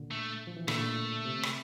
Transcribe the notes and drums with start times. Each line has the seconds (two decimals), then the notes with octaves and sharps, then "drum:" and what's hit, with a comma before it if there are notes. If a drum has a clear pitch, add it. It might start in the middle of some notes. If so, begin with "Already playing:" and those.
Already playing: A#2 D3
0.11 A3
0.47 F3
0.57 E3
0.68 A#2 D3 A3, drum: rim click
1.25 C3
1.43 drum: rim click